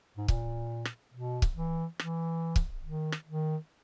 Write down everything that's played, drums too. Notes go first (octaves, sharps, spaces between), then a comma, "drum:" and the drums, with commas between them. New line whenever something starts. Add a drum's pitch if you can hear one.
G#2
A#2, drum: kick C#1
drum: rim click
B2
drum: kick C#1
E3
E3, drum: rim click
drum: kick C#1
D#3
drum: rim click
D#3